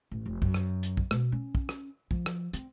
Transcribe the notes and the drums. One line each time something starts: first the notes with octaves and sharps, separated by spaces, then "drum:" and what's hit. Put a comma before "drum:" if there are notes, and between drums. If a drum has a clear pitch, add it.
A1
F1
F#2, drum: kick
drum: rim click
drum: hi-hat
drum: kick
B2, drum: rim click
C#4
drum: kick
drum: rim click
F3, drum: kick
drum: rim click
C4, drum: hi-hat